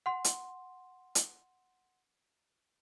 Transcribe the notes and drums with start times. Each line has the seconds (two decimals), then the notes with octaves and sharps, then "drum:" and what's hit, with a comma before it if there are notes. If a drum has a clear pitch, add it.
0.06 F#5 C6
0.24 drum: hi-hat
1.15 drum: hi-hat